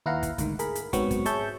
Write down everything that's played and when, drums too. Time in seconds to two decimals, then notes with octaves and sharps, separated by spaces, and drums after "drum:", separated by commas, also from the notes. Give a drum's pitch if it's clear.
0.06 D#2 E4 B4 F5 F#5 A#5
0.23 drum: kick, hi-hat
0.38 D2 G#2 D#3, drum: kick, hi-hat
0.59 G#4 A#4 B5, drum: hi-hat
0.75 drum: hi-hat
0.93 G#2 F#3 B3 C4 C#6, drum: kick, hi-hat
1.11 drum: kick, hi-hat
1.26 G#4 C#5 E5 A5 C#6 G6, drum: hi-hat